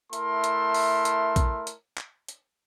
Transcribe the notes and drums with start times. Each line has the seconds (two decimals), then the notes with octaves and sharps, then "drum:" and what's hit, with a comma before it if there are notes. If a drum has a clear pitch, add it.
0.13 A3 E4 A#4 E5 A5 C6, drum: hi-hat
0.44 drum: hi-hat
0.74 drum: open hi-hat
1.05 drum: hi-hat
1.36 drum: kick A#1, hi-hat
1.67 drum: hi-hat
1.98 drum: clap
2.28 drum: hi-hat